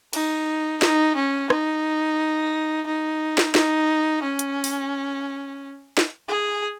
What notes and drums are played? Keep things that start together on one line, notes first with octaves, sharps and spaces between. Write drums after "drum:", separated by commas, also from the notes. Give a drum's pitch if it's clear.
D#4, drum: cymbal
D#4, drum: snare
C#4
D#4, drum: rim click
D#4
drum: snare
D#4, drum: snare
C#4
drum: hi-hat
drum: open hi-hat
drum: snare
G#4